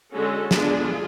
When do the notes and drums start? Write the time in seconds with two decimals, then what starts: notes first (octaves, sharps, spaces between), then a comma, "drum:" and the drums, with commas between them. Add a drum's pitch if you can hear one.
0.11 D3 G#3 C#4 F#4 A4
0.51 D3 G#3 B3 D4 F4 G#4, drum: snare